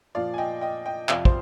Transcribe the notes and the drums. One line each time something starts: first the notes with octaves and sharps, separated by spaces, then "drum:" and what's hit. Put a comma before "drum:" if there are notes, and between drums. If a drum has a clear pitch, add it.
A#2 F3 D5 F5
G#5
D#5 G5
D#5 G5
D#5 G5
F2 C3 F3 D5 F5, drum: clap
C5, drum: kick